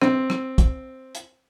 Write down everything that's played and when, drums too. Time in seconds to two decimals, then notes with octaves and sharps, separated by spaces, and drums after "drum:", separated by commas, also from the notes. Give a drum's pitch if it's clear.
0.02 C4, drum: rim click
0.30 drum: rim click
0.58 drum: kick, hi-hat
1.15 drum: hi-hat